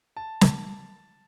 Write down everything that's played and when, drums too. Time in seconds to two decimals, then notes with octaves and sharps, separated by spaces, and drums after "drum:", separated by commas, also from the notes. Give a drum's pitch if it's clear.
0.16 A5
0.41 drum: snare